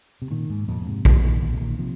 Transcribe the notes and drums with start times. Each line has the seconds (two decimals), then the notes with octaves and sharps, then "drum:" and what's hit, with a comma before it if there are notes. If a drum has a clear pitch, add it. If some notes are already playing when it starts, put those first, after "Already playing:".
0.22 C3
0.31 A#2 D#3
0.50 G#2
0.68 F2 A#2
0.81 A#2
0.86 G#2 C3
1.05 F2 A#2, drum: kick A#1
1.23 A#2 D#3
1.42 A#2 D#3
1.53 C3
1.60 A#2 D#3
1.79 C3 F3